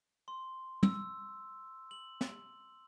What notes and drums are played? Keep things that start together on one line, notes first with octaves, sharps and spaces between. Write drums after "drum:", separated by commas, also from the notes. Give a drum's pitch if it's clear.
C6
E6, drum: tom
F#7
drum: snare